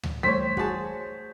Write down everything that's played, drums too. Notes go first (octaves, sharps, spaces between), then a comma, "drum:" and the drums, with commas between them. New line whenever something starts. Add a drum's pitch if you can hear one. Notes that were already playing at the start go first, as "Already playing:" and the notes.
drum: tom D2
E3 G3 A3 C5 C#5 B6
F#4 G#4 A5, drum: kick